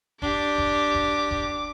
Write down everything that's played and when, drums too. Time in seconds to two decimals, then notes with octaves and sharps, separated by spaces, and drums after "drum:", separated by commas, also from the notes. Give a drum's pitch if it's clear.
0.22 D4 G4 D6, drum: kick E1
0.58 drum: kick E1
0.95 drum: kick E1
1.31 drum: kick E1